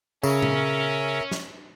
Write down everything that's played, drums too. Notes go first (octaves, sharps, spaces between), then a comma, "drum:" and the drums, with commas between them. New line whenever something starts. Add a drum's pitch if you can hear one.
C#3 C#4 A#4 E5, drum: tambourine
drum: tom A#2
drum: snare